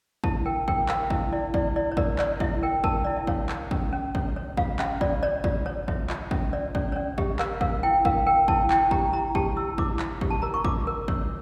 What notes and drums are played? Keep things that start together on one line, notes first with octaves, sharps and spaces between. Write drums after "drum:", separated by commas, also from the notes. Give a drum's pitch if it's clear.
E4 A5, drum: kick
A#4 G5
A#4 G5, drum: kick
A#4 F5, drum: clap
E4 E5, drum: kick
E4 D5
E4 D5, drum: kick
E4 D5
C#5
A#4 D5, drum: kick
C#5 D5, drum: clap
E4 E5, drum: kick
A#4 G5
A#4 A5, drum: kick
E4 D5
E5
C#5 F5, drum: kick
A#4, drum: clap
C#4, drum: kick
C#4
C#5, drum: kick
C#5
F4 F5, drum: kick
C#4 E5, drum: clap
F4 D5, drum: kick
C#5 D5
F4 D5, drum: kick
C#5
C#5 E5, drum: kick
F4 E5, drum: clap
C#4 E5, drum: kick
C#5 D5
C#4 D5, drum: kick
C#5
C#4 D5
G4 E5, drum: kick
A#4 F5, drum: clap
A#4 F5, drum: kick
E4 G5
A#4 F5, drum: kick
A#4 G5
E4 A5, drum: kick
E4 G5, drum: clap
G4 A#5, drum: kick
E4 A#5
G4 A5, drum: kick
E4 E6
E4 D6, drum: kick
E4, drum: clap
G4, drum: kick
A5
A#4 A#5
C#6
F4 D6, drum: kick
A#4
C#5, drum: kick